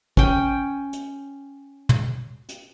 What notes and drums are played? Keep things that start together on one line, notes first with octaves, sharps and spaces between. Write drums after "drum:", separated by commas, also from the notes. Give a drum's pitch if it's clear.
C#4 G5, drum: kick
drum: hi-hat
drum: tom
drum: hi-hat